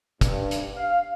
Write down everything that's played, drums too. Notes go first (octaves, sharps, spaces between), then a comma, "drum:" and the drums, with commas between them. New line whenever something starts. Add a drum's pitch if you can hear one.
G2, drum: kick, hi-hat
drum: hi-hat
F5